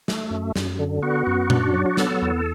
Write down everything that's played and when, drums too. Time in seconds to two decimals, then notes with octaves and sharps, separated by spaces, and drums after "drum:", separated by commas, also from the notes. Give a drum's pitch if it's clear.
0.08 A3, drum: snare
0.31 F#2
0.56 F#2, drum: snare
0.79 D3
1.03 B3 F#4
1.27 F#2
1.50 D4, drum: tom A#2
1.73 F#3
1.86 F#4
1.97 B3 A4, drum: snare
2.22 E2